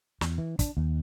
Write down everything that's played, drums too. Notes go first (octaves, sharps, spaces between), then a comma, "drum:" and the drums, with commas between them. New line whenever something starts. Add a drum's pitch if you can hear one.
E2, drum: snare
E3
D4, drum: kick, hi-hat
D#2